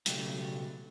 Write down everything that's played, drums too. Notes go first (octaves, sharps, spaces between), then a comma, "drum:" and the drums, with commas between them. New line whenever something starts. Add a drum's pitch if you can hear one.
B1 C#3 F#3 A3 G4, drum: hi-hat